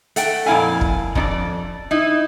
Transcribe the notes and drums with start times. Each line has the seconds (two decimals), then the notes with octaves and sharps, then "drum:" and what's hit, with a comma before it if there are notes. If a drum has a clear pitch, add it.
0.16 A3 F#5 G5, drum: hi-hat
0.46 F2 A#2 E4 F5 G#5
0.81 drum: kick
1.15 F2 D4 D5, drum: kick
1.91 D#4 E4